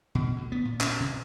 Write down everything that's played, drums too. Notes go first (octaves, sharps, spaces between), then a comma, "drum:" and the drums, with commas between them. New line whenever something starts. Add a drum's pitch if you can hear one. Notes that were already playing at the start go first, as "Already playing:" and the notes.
B2
D2
B3
A#2
C#4, drum: clap
C3